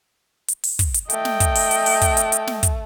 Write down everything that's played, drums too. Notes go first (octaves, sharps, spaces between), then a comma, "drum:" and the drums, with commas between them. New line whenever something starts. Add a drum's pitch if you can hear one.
drum: hi-hat
drum: open hi-hat
drum: kick, hi-hat
drum: hi-hat
A3 D#5 G5, drum: hi-hat
drum: snare
drum: kick, hi-hat
drum: open hi-hat
drum: hi-hat
drum: open hi-hat
drum: kick, hi-hat
drum: hi-hat
drum: hi-hat
drum: snare
drum: kick, hi-hat